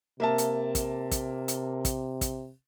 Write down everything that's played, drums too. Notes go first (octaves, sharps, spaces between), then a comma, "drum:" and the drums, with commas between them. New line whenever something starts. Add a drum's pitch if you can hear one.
C3 A#3 E5 A5
drum: hi-hat
drum: kick, hi-hat
drum: kick, hi-hat
drum: hi-hat
drum: kick, hi-hat
drum: kick, hi-hat